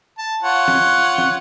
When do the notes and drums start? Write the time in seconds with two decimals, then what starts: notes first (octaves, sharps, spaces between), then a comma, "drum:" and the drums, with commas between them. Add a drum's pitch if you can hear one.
0.18 A5
0.43 F4 C#5 F#5
0.68 drum: snare
1.18 drum: snare